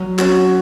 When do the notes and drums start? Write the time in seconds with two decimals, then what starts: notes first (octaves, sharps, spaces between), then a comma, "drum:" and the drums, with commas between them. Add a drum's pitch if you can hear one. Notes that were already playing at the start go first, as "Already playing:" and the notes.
Already playing: F#3
0.19 C#4 F#4, drum: clap